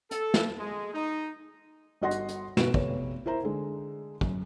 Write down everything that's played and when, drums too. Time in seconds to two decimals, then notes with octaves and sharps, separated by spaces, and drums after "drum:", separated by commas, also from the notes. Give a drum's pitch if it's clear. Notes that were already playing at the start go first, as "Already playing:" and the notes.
0.11 A4, drum: hi-hat
0.34 drum: snare
0.59 G#3
0.94 D#4
2.01 G1 F#4 D#5 F#5 C6 A#6
2.11 drum: hi-hat
2.29 drum: hi-hat
2.57 E1 B2 B3 F#4 D7 E7, drum: snare
2.74 F1 B3 C#5, drum: kick
3.26 E4 A#4 C5 A#5
3.43 D3 G#3
4.21 F#2, drum: kick